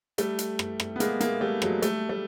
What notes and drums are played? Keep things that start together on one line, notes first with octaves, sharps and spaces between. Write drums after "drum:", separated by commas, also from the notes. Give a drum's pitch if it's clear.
G3 A3, drum: hi-hat
drum: hi-hat
drum: rim click
drum: rim click
B3
G#3 A#3, drum: hi-hat
G#3 A#3, drum: hi-hat
G3 A3
F#3 G#3, drum: rim click
G3 A3, drum: hi-hat
G3 A3